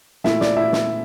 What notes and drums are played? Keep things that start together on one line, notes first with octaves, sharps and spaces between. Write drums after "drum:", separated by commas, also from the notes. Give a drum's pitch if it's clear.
A#2 A3 E4 E5, drum: snare
D5, drum: snare
E4 E5
drum: snare